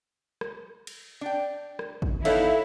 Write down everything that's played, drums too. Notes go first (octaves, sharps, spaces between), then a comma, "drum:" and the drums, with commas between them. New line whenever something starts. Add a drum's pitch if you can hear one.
drum: rim click
drum: cymbal
D4 G5
drum: rim click
drum: kick
E3 B3 D#4 E4 A4 C#5 E5 F5, drum: cymbal